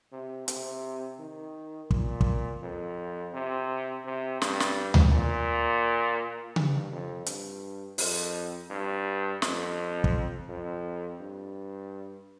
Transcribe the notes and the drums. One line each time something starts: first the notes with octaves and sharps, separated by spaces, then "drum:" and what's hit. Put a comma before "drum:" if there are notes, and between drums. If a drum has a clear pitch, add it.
C3
C3, drum: hi-hat
D#3
A#2, drum: kick
drum: kick
F2
C3
C3
G2, drum: snare
drum: snare
drum: tom D2
A#2
G2, drum: tom C#3
F2
G2, drum: hi-hat
F2, drum: open hi-hat
G2
F2, drum: snare
drum: kick
F2
G2